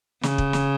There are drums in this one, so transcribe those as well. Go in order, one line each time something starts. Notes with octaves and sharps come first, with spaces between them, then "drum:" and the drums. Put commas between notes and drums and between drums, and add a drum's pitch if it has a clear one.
C#3, drum: snare
drum: kick
drum: snare